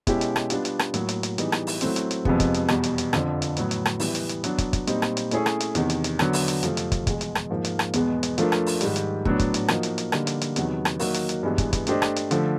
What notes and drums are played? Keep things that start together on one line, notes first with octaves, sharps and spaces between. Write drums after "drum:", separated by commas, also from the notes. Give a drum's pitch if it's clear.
B2 G#3 C#4 E4 G4, drum: kick, hi-hat
drum: hi-hat
drum: rim click
G3 B3 D4 F4, drum: hi-hat
drum: hi-hat
drum: rim click
A2 F#3 A#3, drum: hi-hat
drum: hi-hat
drum: hi-hat
E3 G3 B3 D#4 G#4, drum: hi-hat
drum: rim click
drum: open hi-hat
F#3 A3 C4 E4, drum: hi-hat
drum: hi-hat
drum: hi-hat
F2 C3 F3 G#3 B3, drum: kick
drum: kick, hi-hat
drum: hi-hat
E2 B2 G3, drum: rim click
drum: hi-hat
drum: hi-hat
F2 D3 F3, drum: rim click
drum: hi-hat
A2 F#3 B3, drum: hi-hat
drum: hi-hat
drum: rim click
E3 G3 B3 E4, drum: open hi-hat
drum: hi-hat
drum: hi-hat
F#3 B3 D4, drum: hi-hat
drum: kick, hi-hat
drum: kick, hi-hat
A#2 G3 C4 D#4, drum: hi-hat
drum: rim click
drum: hi-hat
A3 C#4 E4 G#4 C#5, drum: hi-hat
drum: rim click
drum: hi-hat
E2 C3 D#3, drum: hi-hat
drum: hi-hat
drum: hi-hat
D3 F#3 B3, drum: rim click
drum: open hi-hat
drum: hi-hat
F2 C3 F3 A3, drum: hi-hat
drum: hi-hat
drum: kick, hi-hat
E2 B2 G#3, drum: kick, hi-hat
drum: hi-hat
drum: rim click
G#2 F3 A#3
drum: hi-hat
drum: rim click
E2 B2 G#3 B3, drum: hi-hat
drum: hi-hat
F3 A3 D4 F4 A#4, drum: hi-hat
drum: rim click
drum: open hi-hat
G#2 D#3 G3, drum: hi-hat
drum: hi-hat
A2 F#3 B3 D4, drum: kick
drum: kick, hi-hat
drum: hi-hat
F3 A#3 D#4 F#4, drum: rim click
drum: hi-hat
drum: hi-hat
D3 G3 A#3 D#4, drum: rim click
drum: hi-hat
drum: hi-hat
E2 C3 D#3 F#3 B3, drum: hi-hat
drum: rim click
D#3 F#3 A#3 D#4 F#4, drum: open hi-hat
drum: hi-hat
drum: hi-hat
G2 E3 G#3 B3 E4
drum: kick, hi-hat
drum: kick, hi-hat
A3 D4 G4 C5 D#5, drum: hi-hat
drum: rim click
drum: hi-hat
D3 F3 A3, drum: hi-hat